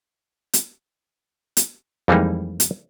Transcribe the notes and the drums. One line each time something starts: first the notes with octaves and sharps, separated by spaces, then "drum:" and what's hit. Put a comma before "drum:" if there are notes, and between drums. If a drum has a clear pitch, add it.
drum: hi-hat
drum: hi-hat
F2 E3 G3 G#3 A#3 D#4
drum: hi-hat